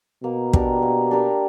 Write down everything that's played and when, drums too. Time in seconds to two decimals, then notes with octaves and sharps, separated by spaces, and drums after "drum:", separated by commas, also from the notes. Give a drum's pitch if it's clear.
0.23 B2 A#3
0.53 D4 G4 A#4, drum: kick
0.82 A#3
1.11 D4 G4 A#4